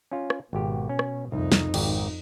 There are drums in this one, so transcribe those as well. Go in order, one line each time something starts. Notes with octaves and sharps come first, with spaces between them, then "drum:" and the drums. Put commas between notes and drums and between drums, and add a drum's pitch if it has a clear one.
C#4 F4
drum: rim click
G#1 B2 G4
C#4
drum: rim click
C2 F2 D#4
drum: snare
G#1 D5 G5, drum: cymbal